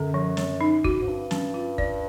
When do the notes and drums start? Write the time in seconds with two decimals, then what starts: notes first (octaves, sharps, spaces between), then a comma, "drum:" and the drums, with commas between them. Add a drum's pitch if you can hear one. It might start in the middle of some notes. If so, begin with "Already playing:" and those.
Already playing: F#2 D3
0.14 F3
0.37 C#5, drum: snare
0.61 D#4
0.84 F#4, drum: kick
1.01 G#2
1.08 G2 C#4
1.31 C#4, drum: snare
1.54 F4
1.78 D5, drum: kick